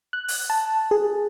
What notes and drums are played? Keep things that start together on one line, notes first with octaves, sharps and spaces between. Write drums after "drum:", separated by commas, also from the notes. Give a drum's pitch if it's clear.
F#6
drum: open hi-hat
A5
G#4